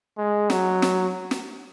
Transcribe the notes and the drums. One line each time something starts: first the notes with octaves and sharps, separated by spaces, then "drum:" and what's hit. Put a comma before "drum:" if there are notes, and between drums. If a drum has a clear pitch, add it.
G#3
F#3, drum: snare
drum: snare
drum: snare